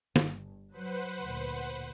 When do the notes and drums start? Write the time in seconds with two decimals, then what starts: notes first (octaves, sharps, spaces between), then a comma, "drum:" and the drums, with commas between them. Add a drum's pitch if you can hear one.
0.16 G1, drum: snare
0.71 F#3 B4 C5 F#5
1.21 D2 A#2